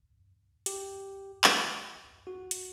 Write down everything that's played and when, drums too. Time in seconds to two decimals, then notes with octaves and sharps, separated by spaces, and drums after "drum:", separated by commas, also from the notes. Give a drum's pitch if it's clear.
0.66 G4, drum: hi-hat
1.44 drum: clap
2.27 F#4
2.51 drum: hi-hat